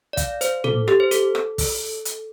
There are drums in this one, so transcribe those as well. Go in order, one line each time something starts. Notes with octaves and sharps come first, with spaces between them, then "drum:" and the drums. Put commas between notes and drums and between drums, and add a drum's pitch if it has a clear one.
D5
F5, drum: kick, hi-hat
C5, drum: hi-hat
A4, drum: tom
G4, drum: rim click
C5
A4, drum: hi-hat
drum: rim click
drum: kick, open hi-hat
drum: hi-hat